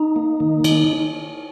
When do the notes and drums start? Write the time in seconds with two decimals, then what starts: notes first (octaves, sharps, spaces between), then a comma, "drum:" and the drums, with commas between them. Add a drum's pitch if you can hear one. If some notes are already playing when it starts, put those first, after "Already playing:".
Already playing: D#4
0.16 A#3
0.40 D#3
0.64 D#3, drum: cymbal